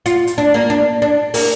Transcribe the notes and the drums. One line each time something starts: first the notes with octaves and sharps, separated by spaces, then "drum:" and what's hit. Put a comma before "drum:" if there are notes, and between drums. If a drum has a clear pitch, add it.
F4, drum: hi-hat
drum: hi-hat
D4
A#3
D4
D4
A#3, drum: open hi-hat